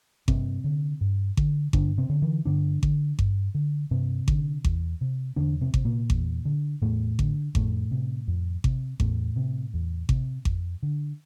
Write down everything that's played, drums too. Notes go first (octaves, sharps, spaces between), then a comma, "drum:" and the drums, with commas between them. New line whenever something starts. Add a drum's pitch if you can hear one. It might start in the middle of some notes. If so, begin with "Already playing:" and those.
G2 C3 C4, drum: kick G#1
D3
G2
D3, drum: kick G#1
G2 D3 D4, drum: kick G#1
C3 C4
D3
E3
G2 D3 D4
D3, drum: kick G#1
G2, drum: kick G#1
D3
G2 C3 C4
D3, drum: kick G#1
E2, drum: kick G#1
C3
E2 D3 D4
C3 C4
C3, drum: kick G#1
A#2 A#3
E2, drum: kick G#1
D3
E2 A2 A3
D3, drum: kick G#1
F2 A2 A3, drum: kick G#1
C3
F2
C3, drum: kick G#1
E2 A2 A3, drum: kick G#1
C3
E2
C3, drum: kick G#1
F2, drum: kick G#1
D3